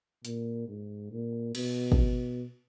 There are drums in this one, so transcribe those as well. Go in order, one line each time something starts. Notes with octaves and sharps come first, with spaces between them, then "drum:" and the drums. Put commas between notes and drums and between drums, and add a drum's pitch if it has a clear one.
A#2, drum: hi-hat
G#2
A#2
B2, drum: cymbal
drum: kick